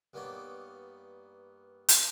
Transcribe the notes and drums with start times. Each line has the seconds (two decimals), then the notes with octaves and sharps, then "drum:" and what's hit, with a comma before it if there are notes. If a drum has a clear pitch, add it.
0.13 G2 A#3 B3 D#4 C#5 D5
1.89 drum: hi-hat